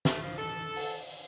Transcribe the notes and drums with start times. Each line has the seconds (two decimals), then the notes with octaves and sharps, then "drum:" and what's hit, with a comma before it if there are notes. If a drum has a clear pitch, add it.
0.05 A3, drum: snare
0.22 F3
0.37 A4
0.76 drum: open hi-hat